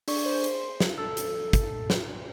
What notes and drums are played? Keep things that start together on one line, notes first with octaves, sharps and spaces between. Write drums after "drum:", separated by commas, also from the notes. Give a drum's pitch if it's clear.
D4 D5 C#6, drum: open hi-hat
G#4 C5
drum: hi-hat
drum: snare
A4 E6
drum: hi-hat
drum: kick, hi-hat
drum: snare